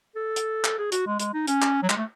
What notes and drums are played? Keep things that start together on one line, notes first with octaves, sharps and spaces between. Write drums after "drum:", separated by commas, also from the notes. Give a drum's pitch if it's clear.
A4
drum: hi-hat
drum: clap
G#4
F#4, drum: hi-hat
G#3
G#3, drum: hi-hat
D#4
C#4, drum: hi-hat
drum: clap
F#3
G#3, drum: clap
A3